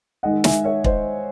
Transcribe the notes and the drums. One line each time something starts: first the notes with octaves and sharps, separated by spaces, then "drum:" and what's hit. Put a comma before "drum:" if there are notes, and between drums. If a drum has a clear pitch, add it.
D#3 G#3 D#4 D#5 F#5
E5 G#5, drum: snare
C#5 E5
C5 D#5, drum: kick